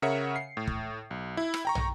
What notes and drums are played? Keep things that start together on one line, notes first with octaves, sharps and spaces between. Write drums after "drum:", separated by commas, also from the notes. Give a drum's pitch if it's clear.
C#3 A#4 C#5 E5 F#5 C#7
C7
A2
drum: kick
B1
E4
drum: rim click
G5 A#5 C#6
drum: tom